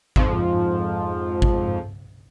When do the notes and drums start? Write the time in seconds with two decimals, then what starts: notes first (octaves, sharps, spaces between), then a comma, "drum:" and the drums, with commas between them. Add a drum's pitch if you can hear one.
0.16 F2 G#2 F3, drum: kick G#1
1.42 drum: kick G#1